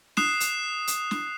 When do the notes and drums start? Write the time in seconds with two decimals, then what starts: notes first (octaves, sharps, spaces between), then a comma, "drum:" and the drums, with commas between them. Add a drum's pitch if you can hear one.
0.17 D#6 F#6 C7 E7, drum: snare
0.40 drum: hi-hat
0.87 drum: hi-hat
1.11 drum: snare